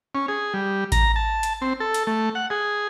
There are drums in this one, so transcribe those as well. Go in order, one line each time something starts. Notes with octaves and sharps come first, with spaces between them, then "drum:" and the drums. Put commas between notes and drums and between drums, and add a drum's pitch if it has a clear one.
C#4
G#4
G3
A#5, drum: kick A1, hi-hat
A5
drum: hi-hat
C4
A4
drum: hi-hat
A3
F#5
G#4